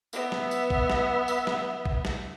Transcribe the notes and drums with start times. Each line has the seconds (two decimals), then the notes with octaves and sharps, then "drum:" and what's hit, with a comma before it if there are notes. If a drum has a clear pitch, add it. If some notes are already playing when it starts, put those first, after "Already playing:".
0.13 B3 E5, drum: tambourine
0.32 drum: snare
0.51 drum: tambourine
0.70 drum: kick A#1
0.90 drum: snare
1.28 drum: tambourine
1.47 drum: snare
1.85 drum: kick A#1
2.05 drum: snare